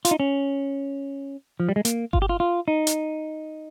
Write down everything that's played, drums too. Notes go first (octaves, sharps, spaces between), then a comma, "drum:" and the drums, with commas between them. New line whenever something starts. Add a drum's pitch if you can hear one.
F4, drum: hi-hat
D#4
C#4
F3
G3
G#3
A#3, drum: hi-hat
F4, drum: kick G1
G4
F4
F4
D#4
drum: hi-hat